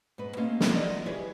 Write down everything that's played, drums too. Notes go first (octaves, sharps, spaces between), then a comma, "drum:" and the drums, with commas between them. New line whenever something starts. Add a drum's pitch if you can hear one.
G#2 B4
A3 A#3 C4 C#4 D#5 F5
F4 A#4 D#5 E5, drum: snare
F#3 D5 D#5
E4 G4 G#4 B4 C#5